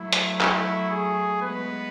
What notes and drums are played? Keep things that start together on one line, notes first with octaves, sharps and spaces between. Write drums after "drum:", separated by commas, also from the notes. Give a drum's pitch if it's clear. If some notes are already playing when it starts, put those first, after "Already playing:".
Already playing: F#3 A3 E4
drum: hi-hat
E4, drum: clap
G#4
G#3 B3 B4